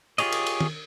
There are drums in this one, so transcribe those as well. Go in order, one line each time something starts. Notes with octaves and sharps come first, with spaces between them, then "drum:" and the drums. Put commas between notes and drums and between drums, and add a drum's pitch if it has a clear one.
F4 G4 G#4 C#5 D#5, drum: cymbal
drum: cymbal
drum: cymbal
drum: tom